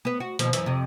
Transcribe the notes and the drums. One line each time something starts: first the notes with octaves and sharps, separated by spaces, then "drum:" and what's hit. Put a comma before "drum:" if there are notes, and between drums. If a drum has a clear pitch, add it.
B3 B4
F#4
D#2 B2 F3, drum: hi-hat
F#2 E3, drum: hi-hat
F2 C3